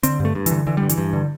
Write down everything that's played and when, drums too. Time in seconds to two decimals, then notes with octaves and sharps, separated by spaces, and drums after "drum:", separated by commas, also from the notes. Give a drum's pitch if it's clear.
0.03 D3 C4, drum: hi-hat
0.20 G2
0.25 A3
0.35 G2
0.46 E3, drum: hi-hat
0.51 D3
0.67 D3 E3
0.77 G3
0.82 G2
0.89 E3, drum: hi-hat
0.98 G2
1.13 D3